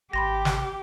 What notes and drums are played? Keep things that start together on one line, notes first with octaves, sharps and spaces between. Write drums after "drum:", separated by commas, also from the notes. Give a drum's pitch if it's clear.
G#1 G4 B5 C6 A#6
drum: snare